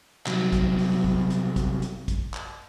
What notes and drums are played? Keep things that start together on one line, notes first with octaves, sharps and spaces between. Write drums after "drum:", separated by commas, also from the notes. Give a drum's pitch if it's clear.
C2 F#3, drum: clap
drum: kick, hi-hat
drum: open hi-hat
drum: kick
drum: hi-hat
drum: kick, hi-hat
drum: hi-hat
drum: kick, hi-hat
drum: clap